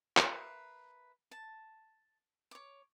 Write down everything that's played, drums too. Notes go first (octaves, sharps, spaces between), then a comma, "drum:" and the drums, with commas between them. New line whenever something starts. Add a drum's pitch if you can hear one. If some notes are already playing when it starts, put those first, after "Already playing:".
A#4 B4 E5 C6, drum: clap
A5
C#5 D6